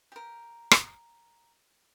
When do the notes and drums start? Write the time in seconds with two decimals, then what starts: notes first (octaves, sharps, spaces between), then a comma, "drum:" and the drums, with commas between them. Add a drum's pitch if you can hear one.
0.12 G4 A#4
0.71 drum: rim click